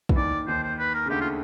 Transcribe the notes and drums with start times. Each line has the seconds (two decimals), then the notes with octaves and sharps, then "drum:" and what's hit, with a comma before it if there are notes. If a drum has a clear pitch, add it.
0.09 E3, drum: kick
0.16 D#2 D#3 D5
0.48 D#2 D#3 C5
0.63 C5
0.79 B4
0.94 A#4
1.06 C#3
1.10 D2 D3 G4
1.21 F4